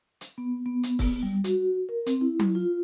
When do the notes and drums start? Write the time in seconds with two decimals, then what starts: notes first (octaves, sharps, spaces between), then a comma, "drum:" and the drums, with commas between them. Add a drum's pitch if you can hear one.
0.21 drum: hi-hat
0.38 B3
0.66 B3
0.83 drum: hi-hat
0.99 drum: kick, open hi-hat
1.23 G3
1.44 F#4, drum: hi-hat
1.89 A#4
2.06 C4, drum: hi-hat
2.21 E4
2.39 drum: tom F#3
2.55 F4